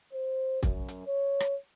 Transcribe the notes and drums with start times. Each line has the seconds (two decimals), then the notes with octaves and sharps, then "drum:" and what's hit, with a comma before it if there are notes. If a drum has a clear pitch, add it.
0.12 C5
0.63 F#2, drum: kick, hi-hat
0.89 drum: hi-hat
1.06 C#5
1.40 drum: rim click